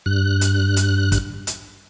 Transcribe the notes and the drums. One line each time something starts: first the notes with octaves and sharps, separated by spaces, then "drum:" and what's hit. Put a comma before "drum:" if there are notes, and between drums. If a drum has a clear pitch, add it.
G2 F#6
drum: hi-hat
drum: hi-hat
drum: kick, hi-hat
drum: hi-hat